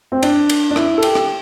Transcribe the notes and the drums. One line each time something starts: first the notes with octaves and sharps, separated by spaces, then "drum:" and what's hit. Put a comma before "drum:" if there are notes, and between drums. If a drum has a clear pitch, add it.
C4
D4, drum: cymbal
drum: cymbal
D4
E4, drum: rim click
A4
G4, drum: cymbal
drum: rim click